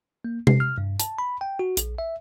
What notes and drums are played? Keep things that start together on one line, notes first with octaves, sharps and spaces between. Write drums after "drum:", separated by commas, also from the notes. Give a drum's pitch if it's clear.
A#3
C7, drum: tom C3
F6
G2
A5, drum: hi-hat
B5
G5
F#4
A#1, drum: hi-hat
E5